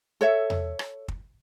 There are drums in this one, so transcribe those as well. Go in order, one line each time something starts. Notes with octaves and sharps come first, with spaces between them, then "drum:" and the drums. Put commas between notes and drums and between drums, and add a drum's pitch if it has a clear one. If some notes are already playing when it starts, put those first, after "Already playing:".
A4 C#5 E5
drum: tom E2
drum: rim click
drum: kick